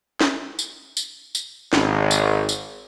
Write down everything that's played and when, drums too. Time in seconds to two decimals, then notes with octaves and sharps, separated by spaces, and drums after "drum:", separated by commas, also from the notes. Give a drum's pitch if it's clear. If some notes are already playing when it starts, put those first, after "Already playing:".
0.21 drum: snare
0.59 drum: tambourine
0.97 drum: tambourine
1.35 drum: tambourine
1.73 G#1, drum: snare
2.11 drum: tambourine
2.49 drum: tambourine